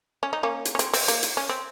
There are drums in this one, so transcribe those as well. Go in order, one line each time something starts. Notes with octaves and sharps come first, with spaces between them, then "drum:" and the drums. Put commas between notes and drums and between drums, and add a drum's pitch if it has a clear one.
C#4
D#4
A#3 C#4
drum: hi-hat
C#4
C4, drum: hi-hat
C4, drum: open hi-hat
A#3, drum: hi-hat
drum: hi-hat
C#4
C4